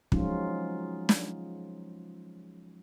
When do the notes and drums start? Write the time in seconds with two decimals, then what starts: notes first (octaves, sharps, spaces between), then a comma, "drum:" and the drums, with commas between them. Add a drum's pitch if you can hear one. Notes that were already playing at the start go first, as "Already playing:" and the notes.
0.12 F3 F#3 G#3 C#4 D#4 F4, drum: kick
1.09 drum: snare